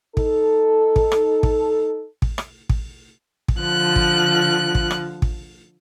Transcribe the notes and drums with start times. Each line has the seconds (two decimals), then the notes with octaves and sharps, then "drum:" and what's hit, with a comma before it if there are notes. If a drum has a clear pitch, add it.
0.17 D#4 A4, drum: kick
0.96 drum: kick
1.12 drum: rim click
1.43 drum: kick
2.22 drum: kick
2.38 drum: rim click
2.69 drum: kick
3.48 drum: kick
3.59 D3 F3 F#6
3.96 drum: kick
4.75 drum: kick
4.91 drum: rim click
5.22 drum: kick